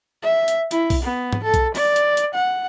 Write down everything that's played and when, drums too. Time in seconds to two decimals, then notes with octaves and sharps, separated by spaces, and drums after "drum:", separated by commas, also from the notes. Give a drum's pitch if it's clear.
0.23 E5
0.48 drum: hi-hat
0.71 E4, drum: hi-hat
0.90 drum: kick B1, open hi-hat
1.03 B3
1.33 drum: tom G#2
1.44 A4
1.54 drum: kick B1, hi-hat
1.75 D5, drum: open hi-hat
1.96 drum: hi-hat
2.17 drum: hi-hat
2.35 F#5